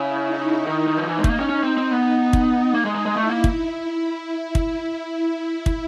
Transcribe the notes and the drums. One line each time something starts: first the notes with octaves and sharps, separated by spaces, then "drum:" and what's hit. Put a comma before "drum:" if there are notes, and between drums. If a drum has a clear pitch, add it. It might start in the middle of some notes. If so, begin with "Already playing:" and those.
Already playing: C#3 E4
D#4
D#3
D#3
F3
E3 D#4
G#3
A3, drum: kick
A#3
C#4
C#4
C4
C4
B3
D#4, drum: kick
A#3
G#3
G#3
G#3
A3 E4
A#3
drum: kick
drum: kick
drum: kick